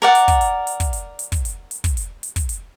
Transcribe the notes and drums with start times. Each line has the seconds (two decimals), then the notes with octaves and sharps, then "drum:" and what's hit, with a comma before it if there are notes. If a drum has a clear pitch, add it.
0.02 A#4 D5 F#5
0.15 drum: hi-hat
0.28 drum: kick, hi-hat
0.41 drum: hi-hat
0.67 drum: hi-hat
0.80 drum: kick, hi-hat
0.93 drum: hi-hat
1.19 drum: hi-hat
1.32 drum: kick, hi-hat
1.45 drum: hi-hat
1.71 drum: hi-hat
1.84 drum: kick, hi-hat
1.97 drum: hi-hat
2.23 drum: hi-hat
2.36 drum: kick, hi-hat
2.49 drum: hi-hat